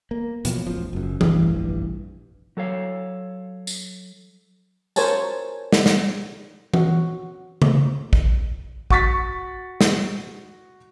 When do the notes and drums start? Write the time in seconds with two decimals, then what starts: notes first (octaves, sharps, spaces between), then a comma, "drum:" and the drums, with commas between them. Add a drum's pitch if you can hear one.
0.11 A#3
0.45 B2 F3 F#3, drum: hi-hat
0.67 E1 A1 F3
0.93 F#1 F#2
1.21 F1 A#1 G2 E3, drum: tom E3
2.57 F#3 A4 C#5 F5
3.67 drum: tambourine
4.96 A#4 C5 C#5 G#5 A5, drum: tambourine
5.73 drum: snare
5.86 drum: snare
6.74 F#4, drum: tom E3
7.62 drum: tom C#3
8.13 drum: kick A1
8.90 F#4 C#6 A6 B6, drum: kick A1
9.81 drum: snare